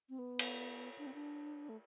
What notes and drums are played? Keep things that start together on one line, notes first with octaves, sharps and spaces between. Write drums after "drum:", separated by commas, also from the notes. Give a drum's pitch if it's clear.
C4
B3
drum: cymbal
D4
C4
D4
A3